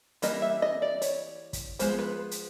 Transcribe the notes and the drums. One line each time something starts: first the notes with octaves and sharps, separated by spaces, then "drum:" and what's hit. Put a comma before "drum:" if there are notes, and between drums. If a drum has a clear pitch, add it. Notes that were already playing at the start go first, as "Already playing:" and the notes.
E3 G3 A#3 D#5, drum: hi-hat
E5
D#5
D5
C#5, drum: hi-hat
drum: kick, hi-hat
F3 G#3 B3 C5, drum: hi-hat
B4
drum: hi-hat